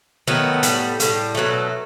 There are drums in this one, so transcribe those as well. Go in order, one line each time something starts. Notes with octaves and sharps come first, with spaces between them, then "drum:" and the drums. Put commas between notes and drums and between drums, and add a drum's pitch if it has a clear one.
D#3 F#3 A3 B3
A2 G3, drum: hi-hat
A2 G3, drum: hi-hat
B2 F#3 A3